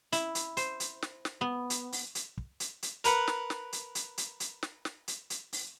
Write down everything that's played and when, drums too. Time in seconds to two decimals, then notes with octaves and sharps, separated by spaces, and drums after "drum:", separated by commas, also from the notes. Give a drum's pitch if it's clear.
0.12 E4, drum: hi-hat
0.35 drum: hi-hat
0.57 C5, drum: hi-hat
0.80 drum: hi-hat
1.02 drum: snare
1.25 drum: snare
1.41 B3
1.70 drum: hi-hat
1.92 drum: open hi-hat
2.15 drum: hi-hat
2.37 drum: kick
2.60 drum: hi-hat
2.83 drum: hi-hat
3.04 A#4 B4 F#5, drum: hi-hat
3.28 drum: snare
3.50 drum: snare
3.73 drum: hi-hat
3.95 drum: hi-hat
4.18 drum: hi-hat
4.40 drum: hi-hat
4.63 drum: snare
4.85 drum: snare
5.08 drum: hi-hat
5.30 drum: hi-hat
5.53 drum: open hi-hat